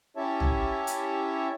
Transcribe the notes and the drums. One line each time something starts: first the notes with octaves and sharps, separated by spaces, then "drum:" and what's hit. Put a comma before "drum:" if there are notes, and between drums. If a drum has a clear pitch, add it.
C#4 E4 G4 C#5 E5 A5
drum: tom A#1
drum: hi-hat